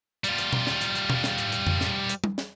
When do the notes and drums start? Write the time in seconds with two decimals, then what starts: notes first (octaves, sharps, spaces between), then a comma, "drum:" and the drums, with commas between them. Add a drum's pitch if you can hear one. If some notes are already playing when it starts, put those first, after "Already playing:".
0.24 G3 F4, drum: hi-hat
0.38 drum: hi-hat
0.53 drum: tom B2
0.67 drum: snare
0.81 drum: hi-hat
0.95 drum: hi-hat
1.10 drum: tom B2
1.24 drum: snare
1.38 drum: hi-hat
1.52 drum: hi-hat
1.67 drum: tom F2
1.81 drum: snare
2.09 drum: hi-hat
2.24 drum: tom G3
2.38 drum: snare